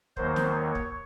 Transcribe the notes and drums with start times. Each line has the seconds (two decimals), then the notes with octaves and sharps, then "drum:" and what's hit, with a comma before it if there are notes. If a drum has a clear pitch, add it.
0.17 D#2 D#3 F#3 C5, drum: kick
0.36 drum: snare
0.55 C#5
0.75 drum: kick